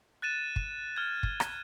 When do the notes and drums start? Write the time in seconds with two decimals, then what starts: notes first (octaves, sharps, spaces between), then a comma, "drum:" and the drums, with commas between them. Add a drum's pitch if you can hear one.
0.22 F#6 A6 D#7 E7
0.56 drum: kick
0.96 F6 G#6
1.23 drum: kick
1.40 drum: rim click